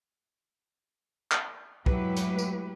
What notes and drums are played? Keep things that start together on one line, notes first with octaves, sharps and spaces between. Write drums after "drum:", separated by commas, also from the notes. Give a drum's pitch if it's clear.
drum: clap
F#3 G#3 A3 E4 G4 B4, drum: kick
drum: hi-hat
drum: tambourine